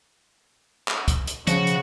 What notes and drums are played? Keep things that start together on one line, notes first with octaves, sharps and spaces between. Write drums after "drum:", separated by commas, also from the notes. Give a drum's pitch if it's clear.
drum: clap
drum: kick, hi-hat
drum: hi-hat
C#3 F3 F#4, drum: hi-hat
drum: hi-hat